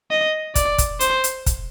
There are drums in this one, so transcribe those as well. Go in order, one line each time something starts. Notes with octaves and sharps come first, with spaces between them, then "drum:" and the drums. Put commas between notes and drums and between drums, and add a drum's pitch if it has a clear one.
D#5
D5, drum: kick, hi-hat
drum: kick, hi-hat
C5, drum: hi-hat
drum: hi-hat
drum: kick, hi-hat